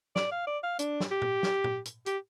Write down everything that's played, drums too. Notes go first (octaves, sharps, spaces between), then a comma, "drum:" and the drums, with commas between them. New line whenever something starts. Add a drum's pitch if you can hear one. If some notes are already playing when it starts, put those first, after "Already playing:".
D5, drum: snare
F5
D5
F5
D4, drum: hi-hat
drum: snare
G4
drum: tom A#2
drum: snare
drum: tom A#2
drum: hi-hat
G4, drum: hi-hat